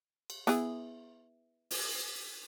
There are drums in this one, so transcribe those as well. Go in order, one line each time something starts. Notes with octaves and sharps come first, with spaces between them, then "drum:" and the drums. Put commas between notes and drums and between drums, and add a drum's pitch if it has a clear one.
drum: cymbal
B3 E4 G#4, drum: hi-hat
drum: open hi-hat